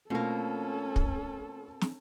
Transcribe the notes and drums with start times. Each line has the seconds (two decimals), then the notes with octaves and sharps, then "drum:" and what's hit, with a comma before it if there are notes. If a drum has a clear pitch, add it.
0.10 B2 A3 A#3 C4 C#4 F4 A4
0.96 drum: kick
1.81 drum: snare